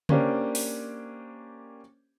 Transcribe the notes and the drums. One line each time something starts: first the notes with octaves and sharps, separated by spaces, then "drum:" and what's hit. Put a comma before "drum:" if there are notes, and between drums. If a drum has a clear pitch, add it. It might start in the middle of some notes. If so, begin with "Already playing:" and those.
A#3 C#4 D4 G4 C5, drum: tom C#3
drum: open hi-hat